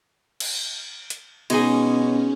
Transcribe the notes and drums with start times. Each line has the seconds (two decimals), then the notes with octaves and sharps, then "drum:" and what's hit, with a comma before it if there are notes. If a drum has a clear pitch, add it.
0.40 drum: cymbal
1.10 drum: hi-hat
1.50 B2 G#3 C#4 D#4 G#4, drum: cymbal